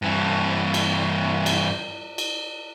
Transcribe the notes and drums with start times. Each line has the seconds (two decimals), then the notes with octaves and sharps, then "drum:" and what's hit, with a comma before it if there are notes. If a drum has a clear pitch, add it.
0.02 G2 E3
0.74 drum: cymbal
1.46 drum: cymbal
2.18 drum: cymbal